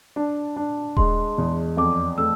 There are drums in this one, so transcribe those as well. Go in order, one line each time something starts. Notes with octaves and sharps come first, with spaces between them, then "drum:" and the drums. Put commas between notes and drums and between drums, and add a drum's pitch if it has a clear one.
D4 A5
D4
G#3 C6, drum: kick D#1
E2
F2 D6
A3 E6